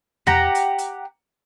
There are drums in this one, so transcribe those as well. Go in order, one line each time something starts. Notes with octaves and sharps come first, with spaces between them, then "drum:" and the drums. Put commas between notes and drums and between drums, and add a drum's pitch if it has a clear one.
G4 F#5 A#5, drum: tom E2
drum: hi-hat
drum: hi-hat